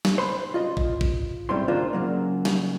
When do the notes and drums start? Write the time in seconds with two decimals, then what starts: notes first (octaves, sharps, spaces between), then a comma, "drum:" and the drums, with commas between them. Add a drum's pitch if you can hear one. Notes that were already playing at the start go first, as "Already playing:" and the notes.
0.05 drum: snare
0.18 C5 B5 C6
0.54 F4 D#5
0.77 drum: kick A#1
1.01 drum: kick A#1
1.49 G#2 G3 C4 E4 C6
1.68 D#3 A#3 D4 F4 C5
1.93 C#3 F#3 A#3
2.45 drum: snare